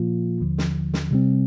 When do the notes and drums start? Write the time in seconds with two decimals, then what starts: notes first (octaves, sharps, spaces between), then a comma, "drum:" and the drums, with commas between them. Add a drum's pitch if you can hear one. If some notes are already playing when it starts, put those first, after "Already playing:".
Already playing: A#2 F3 A#3 F4
0.40 D#2 D3 F3
0.58 drum: snare
0.94 drum: snare
1.11 C3 G3 C4